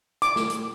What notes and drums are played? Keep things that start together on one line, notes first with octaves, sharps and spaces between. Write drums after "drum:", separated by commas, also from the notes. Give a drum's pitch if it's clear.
D6, drum: hi-hat
drum: snare
drum: hi-hat